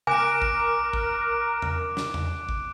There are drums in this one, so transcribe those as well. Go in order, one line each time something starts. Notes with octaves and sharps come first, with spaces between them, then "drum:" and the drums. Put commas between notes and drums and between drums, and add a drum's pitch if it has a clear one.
A#4 G#5 D6 F#6 D7, drum: tom C3
drum: kick
drum: kick
drum: tom E2
drum: snare
drum: tom E2
drum: kick